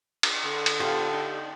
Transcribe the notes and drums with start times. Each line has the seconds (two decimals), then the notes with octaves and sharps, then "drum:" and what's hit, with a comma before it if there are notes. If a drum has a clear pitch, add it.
0.23 drum: cymbal
0.45 D3
0.66 drum: cymbal
0.80 B3 F4 G4 A4 C5 F5
1.13 D4 D#4 G5